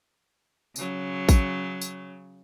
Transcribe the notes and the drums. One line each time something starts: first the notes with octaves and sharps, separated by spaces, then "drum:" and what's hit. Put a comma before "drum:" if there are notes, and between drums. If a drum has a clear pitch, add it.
C#3 F#3, drum: tambourine
drum: kick, tambourine
drum: tambourine